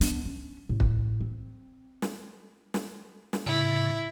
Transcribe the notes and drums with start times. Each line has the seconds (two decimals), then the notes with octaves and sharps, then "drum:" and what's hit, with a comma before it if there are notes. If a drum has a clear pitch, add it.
0.01 B3 D4, drum: hi-hat
0.25 C#4
0.69 A2
0.80 drum: kick
1.21 C4
2.02 drum: snare
2.74 drum: snare
3.33 drum: snare
3.46 A2 C#3 E4